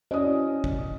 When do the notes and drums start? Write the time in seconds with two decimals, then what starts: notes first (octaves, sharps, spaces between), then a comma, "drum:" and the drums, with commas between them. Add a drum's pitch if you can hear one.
0.11 C#4 E4 F#4 D5 D#5 D#6
0.64 drum: kick